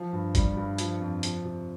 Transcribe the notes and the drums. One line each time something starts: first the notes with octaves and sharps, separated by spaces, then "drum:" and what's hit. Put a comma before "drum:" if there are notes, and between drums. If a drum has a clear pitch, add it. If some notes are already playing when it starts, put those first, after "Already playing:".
Already playing: F3
G2
G3, drum: kick, hi-hat
G2
F3, drum: hi-hat
F2
F3, drum: hi-hat
C3